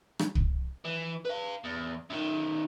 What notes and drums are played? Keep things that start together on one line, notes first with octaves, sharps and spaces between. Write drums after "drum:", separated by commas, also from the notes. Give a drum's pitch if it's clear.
drum: rim click
drum: kick
E3
B4 F5
E2
F#2 D#3